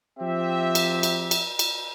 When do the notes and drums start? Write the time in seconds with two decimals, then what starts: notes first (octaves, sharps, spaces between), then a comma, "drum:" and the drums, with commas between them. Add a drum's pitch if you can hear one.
0.19 F3 C4 G4 E5
0.75 drum: cymbal
1.03 drum: cymbal
1.31 drum: cymbal
1.59 drum: cymbal